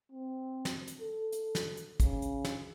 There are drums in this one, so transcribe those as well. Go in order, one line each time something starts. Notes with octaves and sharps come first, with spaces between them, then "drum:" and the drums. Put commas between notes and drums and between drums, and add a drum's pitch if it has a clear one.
C4
drum: snare
drum: hi-hat
A4
drum: hi-hat
drum: snare
drum: hi-hat
C#3, drum: kick, hi-hat
drum: hi-hat
drum: snare